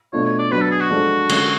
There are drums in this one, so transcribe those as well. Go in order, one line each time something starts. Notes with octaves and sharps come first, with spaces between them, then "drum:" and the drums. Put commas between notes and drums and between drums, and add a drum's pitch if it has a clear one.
B2 A3 D4 F4 C#5
C#5
D5
F#3 B3 D4 B4
A4
G#4
F#4
F3 G#3 D4 F4 A4
D3 G#3 C#4, drum: cymbal